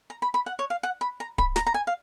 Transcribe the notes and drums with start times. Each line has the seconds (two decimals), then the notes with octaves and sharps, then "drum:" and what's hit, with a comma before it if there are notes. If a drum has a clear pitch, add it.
0.10 A#5
0.22 B5
0.34 B5
0.46 F#5
0.59 C#5
0.70 F5
0.83 F#5
1.01 B5
1.20 A#5
1.38 B5, drum: kick D1
1.56 A#5, drum: snare
1.67 A#5
1.74 G#5
1.87 F5